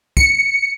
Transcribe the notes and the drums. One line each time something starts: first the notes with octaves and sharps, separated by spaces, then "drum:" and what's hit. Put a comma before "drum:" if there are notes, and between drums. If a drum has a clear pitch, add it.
C#7, drum: kick